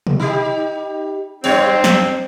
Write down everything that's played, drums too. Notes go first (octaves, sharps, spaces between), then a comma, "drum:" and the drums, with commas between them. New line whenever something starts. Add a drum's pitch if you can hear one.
drum: tom B2
D#4 G4
F#2 G3 C4 C#5, drum: open hi-hat
drum: snare